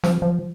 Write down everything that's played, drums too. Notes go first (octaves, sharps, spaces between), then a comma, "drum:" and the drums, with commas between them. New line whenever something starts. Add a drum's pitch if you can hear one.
F3, drum: snare
F3